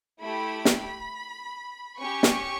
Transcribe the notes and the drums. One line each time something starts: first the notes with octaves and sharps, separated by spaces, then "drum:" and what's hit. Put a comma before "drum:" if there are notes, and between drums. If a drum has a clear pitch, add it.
A3 E4 G4 B5
drum: snare
C#4 G4 C#6
drum: snare